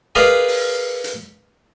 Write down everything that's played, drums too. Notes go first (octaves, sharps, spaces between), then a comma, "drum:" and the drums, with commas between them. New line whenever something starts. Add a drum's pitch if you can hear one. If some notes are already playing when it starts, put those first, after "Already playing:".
G#4 A#4 B4 D5 D#5 F5
drum: open hi-hat
drum: hi-hat